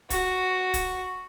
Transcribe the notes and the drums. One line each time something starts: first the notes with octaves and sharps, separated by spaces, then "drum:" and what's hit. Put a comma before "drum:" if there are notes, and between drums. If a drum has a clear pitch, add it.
F#4, drum: kick, hi-hat
drum: kick, hi-hat